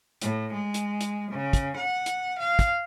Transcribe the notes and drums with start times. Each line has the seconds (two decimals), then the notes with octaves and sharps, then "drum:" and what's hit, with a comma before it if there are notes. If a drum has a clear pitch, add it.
0.22 A2, drum: hi-hat
0.53 G#3
0.74 drum: hi-hat
1.01 drum: hi-hat
1.31 C#3
1.53 drum: kick, hi-hat
1.76 F#5
2.06 drum: hi-hat
2.39 F5
2.59 drum: kick, hi-hat